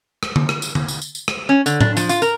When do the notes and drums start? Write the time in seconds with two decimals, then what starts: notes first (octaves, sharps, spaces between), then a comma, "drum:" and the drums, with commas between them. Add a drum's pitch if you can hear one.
0.23 drum: rim click
0.36 drum: tom D3
0.49 drum: rim click
0.62 drum: tambourine
0.75 drum: tom D3
0.88 drum: tambourine
1.02 drum: tambourine
1.15 drum: tambourine
1.28 drum: rim click
1.49 C#4
1.66 D3, drum: tambourine
1.81 D4, drum: tom A2
1.97 F3, drum: tambourine
2.09 F4, drum: tambourine
2.22 A#4, drum: tambourine